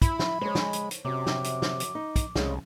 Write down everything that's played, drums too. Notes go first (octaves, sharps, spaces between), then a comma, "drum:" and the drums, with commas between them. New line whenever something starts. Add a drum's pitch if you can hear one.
E4 B5, drum: kick, hi-hat
drum: snare
G#3 C5 C#5
drum: snare
drum: hi-hat
drum: hi-hat
F#2 C3 D6
drum: snare
drum: hi-hat
drum: snare
drum: hi-hat
D#4
drum: kick, hi-hat
C2 C#3 G#3, drum: snare